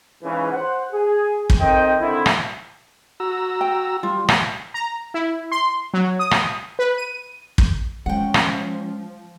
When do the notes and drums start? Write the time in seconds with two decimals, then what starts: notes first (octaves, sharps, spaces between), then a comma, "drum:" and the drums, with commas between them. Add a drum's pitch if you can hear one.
0.23 G#2 C#3 E3
0.52 C5 F#5
0.92 G#4
1.50 drum: kick
1.59 F2 D#3 C4 D#5 G5
2.00 D3 D#3 C4 E4
2.26 drum: rim click
3.20 F#4 A#5 E6
3.61 G5
4.03 G3 F4
4.28 drum: rim click
4.74 A#5
5.14 E4
5.52 C6
5.94 F#3
6.19 D#6
6.31 drum: rim click
6.79 B4
6.97 D#7
7.58 drum: kick
8.06 F3 G#3 C#4 F#5 G5
8.34 drum: rim click